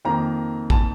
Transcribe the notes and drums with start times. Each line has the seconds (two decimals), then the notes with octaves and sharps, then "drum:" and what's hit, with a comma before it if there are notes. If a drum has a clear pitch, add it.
0.05 F2 D#3 A#3 A#5
0.70 A5, drum: kick